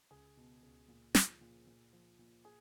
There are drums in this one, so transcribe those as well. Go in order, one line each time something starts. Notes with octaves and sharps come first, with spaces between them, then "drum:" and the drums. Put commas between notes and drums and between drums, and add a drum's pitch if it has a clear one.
C#2 G#4
B2
C#2
A#2
F3, drum: snare
A#2
A#2
F3
A#2
G#4